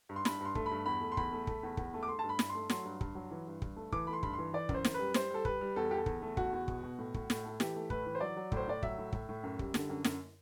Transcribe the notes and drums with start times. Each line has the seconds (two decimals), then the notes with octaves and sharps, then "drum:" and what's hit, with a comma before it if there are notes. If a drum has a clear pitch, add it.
0.09 G2
0.16 C6
0.25 G2 B5, drum: snare
0.41 G2 C6
0.55 A3, drum: kick
0.66 B5
0.71 G2
0.86 E2 B5
1.01 A3
1.12 C6
1.17 E2 B5, drum: kick
1.32 A3
1.47 A3, drum: kick
1.63 E2
1.77 E2, drum: kick
1.94 A3
2.03 D6
2.08 A3 C6
2.19 G2 A5
2.29 B5
2.39 G2, drum: snare
2.49 C6
2.55 A3
2.70 F#3 C6, drum: snare
2.84 G2
3.01 G2, drum: kick
3.15 F#3
3.31 E3
3.47 G2
3.62 G2, drum: kick
3.76 A3
3.92 E3 D6, drum: kick
4.07 A3 B5
4.13 C6
4.23 G2 B5, drum: kick
4.33 C6
4.39 E3
4.53 E3 D5
4.69 F#2, drum: kick
4.74 C5
4.85 F#2, drum: snare
4.94 G3 B4
5.14 G3 C5, drum: snare
5.30 G3 A4
5.45 G3 B4, drum: kick
5.61 G3
5.76 E2 A4
5.91 E2 G4
5.97 A4
6.06 E2, drum: kick
6.22 A3
6.37 E2 F#4, drum: kick
6.53 E2
6.68 B2, drum: kick
6.84 B2
6.98 A2
7.14 A2, drum: kick
7.30 A2, drum: snare
7.45 A3
7.60 E3 G4, drum: snare
7.76 A3
7.90 A2 B4, drum: kick
8.06 E3
8.15 C5
8.21 F#3 D5
8.37 F#3
8.52 A2, drum: kick
8.57 C5
8.68 A2 D5
8.83 F#3 E5, drum: kick
8.98 A2
9.12 A2, drum: kick
9.29 A2
9.43 F#2
9.59 G3, drum: kick
9.74 D3, drum: snare
9.90 F#2
10.05 F#2, drum: snare